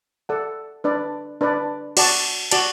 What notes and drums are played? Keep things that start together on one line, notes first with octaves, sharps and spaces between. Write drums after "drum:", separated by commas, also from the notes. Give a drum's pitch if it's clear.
A4 D5 F#5 A5
D4 B4 D5
D4 B4 D5
F#4 D5 A5, drum: cymbal
F#4 D5 A5, drum: cymbal